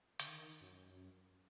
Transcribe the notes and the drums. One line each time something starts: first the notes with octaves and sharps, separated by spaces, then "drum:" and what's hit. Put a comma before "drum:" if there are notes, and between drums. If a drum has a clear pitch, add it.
D3, drum: hi-hat
D#3
F#2